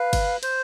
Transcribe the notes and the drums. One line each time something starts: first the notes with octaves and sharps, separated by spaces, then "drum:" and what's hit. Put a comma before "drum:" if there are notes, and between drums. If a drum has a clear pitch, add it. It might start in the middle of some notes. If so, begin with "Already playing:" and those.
Already playing: B4 F5
drum: kick G1, cymbal
C5, drum: cymbal